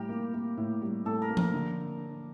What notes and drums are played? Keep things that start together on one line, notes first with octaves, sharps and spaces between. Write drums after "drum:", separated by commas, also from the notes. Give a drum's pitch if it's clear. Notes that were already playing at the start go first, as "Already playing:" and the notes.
Already playing: A2 G3 G4 A#4
A#3
A#3
A2
G3
A2 A4
A#4
A#3
A#4, drum: tom F3
D3